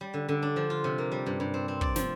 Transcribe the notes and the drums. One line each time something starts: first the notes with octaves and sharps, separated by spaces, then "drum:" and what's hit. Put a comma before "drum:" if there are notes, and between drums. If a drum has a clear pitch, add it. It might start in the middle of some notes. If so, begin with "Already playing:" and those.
G3
D3
D3
D4
F3
F4
C3
A#3
G3
G2
G2
C4
C4
D5, drum: kick
F3, drum: snare